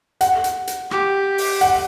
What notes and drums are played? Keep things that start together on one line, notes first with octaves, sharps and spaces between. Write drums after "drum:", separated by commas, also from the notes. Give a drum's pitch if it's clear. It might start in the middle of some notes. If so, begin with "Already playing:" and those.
F#5, drum: hi-hat
drum: hi-hat
drum: hi-hat
G4, drum: rim click
drum: open hi-hat
F#5, drum: hi-hat